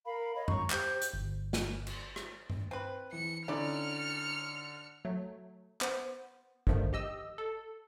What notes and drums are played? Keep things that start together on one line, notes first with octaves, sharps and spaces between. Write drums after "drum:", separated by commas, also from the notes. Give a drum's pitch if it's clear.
A#4 F5 B5
C#5 D#5 F5 B5
A#5 C#6, drum: tom F#2
G4 C5 G6, drum: clap
drum: hi-hat
G1
drum: snare
drum: cymbal
drum: rim click
drum: tom G2
C4 B4
E3 C#7
D3 C#4 D#4 E4 D5 D6 F6 C#7
F#3 A3
B3 C5, drum: clap
G2 D3 D#3 F3 A3, drum: kick G#1
G4 D#5 E6
A4